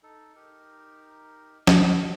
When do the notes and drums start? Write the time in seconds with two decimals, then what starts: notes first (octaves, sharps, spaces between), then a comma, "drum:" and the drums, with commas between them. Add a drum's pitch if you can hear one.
0.03 D#4 A4
0.36 D#4 G4 A#4
1.67 A4, drum: snare